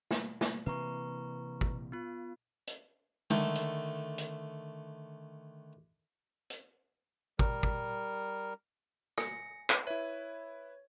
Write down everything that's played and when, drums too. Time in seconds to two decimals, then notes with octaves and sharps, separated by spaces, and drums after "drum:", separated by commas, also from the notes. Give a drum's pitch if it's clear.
0.11 drum: snare
0.41 drum: snare
0.66 C3 E3 A#3 B4 A#5 C#6
1.61 drum: kick
1.92 B3 F4
2.67 drum: hi-hat
3.30 D3 D#3 A3, drum: tom G#3
3.55 drum: hi-hat
4.18 drum: hi-hat
6.50 drum: hi-hat
7.39 G3 A#4, drum: kick
7.63 drum: kick
9.18 G#5 A#6 C#7, drum: rim click
9.70 drum: clap
9.87 E4 B4 C#5 E5